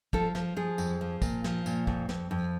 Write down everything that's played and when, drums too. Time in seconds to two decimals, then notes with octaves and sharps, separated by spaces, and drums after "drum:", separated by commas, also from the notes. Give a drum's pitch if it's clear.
0.13 F3 A4, drum: kick
0.35 F3, drum: snare
0.56 F3 G#4
0.78 F2, drum: tambourine
1.01 F3
1.22 A#2, drum: kick, tambourine
1.44 F3, drum: snare
1.66 A#2, drum: tambourine
1.87 F2, drum: kick
2.09 F2, drum: snare
2.31 F2